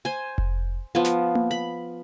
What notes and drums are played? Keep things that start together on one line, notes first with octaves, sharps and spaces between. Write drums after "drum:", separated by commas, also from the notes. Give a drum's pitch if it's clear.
C5 G#5
drum: kick F1
F3 B3
drum: snare
drum: tom A#3
B5